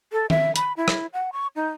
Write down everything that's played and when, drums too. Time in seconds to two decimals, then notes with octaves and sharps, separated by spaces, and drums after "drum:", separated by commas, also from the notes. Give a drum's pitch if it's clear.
0.12 A4
0.30 E5, drum: tom D#3
0.56 B5, drum: hi-hat
0.77 E4
0.88 drum: rim click
1.13 F#5
1.33 C#6
1.56 D#4